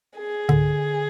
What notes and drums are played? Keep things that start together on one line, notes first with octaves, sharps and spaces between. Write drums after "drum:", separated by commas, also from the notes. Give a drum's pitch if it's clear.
G#4
D3, drum: tom G#2